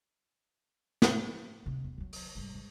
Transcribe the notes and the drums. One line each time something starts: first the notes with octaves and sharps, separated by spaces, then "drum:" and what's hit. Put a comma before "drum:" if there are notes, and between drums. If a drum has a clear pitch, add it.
drum: snare
C3 D#3
E2
D#3 F#3
drum: open hi-hat
G#2 G3
G#2